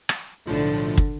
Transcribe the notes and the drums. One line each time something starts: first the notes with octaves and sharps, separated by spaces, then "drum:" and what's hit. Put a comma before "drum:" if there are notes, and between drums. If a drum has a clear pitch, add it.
drum: rim click
B1 A2 D3 F3
drum: kick